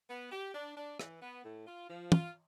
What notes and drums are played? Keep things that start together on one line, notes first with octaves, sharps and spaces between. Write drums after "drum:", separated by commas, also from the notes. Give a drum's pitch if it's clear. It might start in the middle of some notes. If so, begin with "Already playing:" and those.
B3
G4
D4
D4
E3, drum: rim click
B3
A2
F4
F3
F4, drum: tom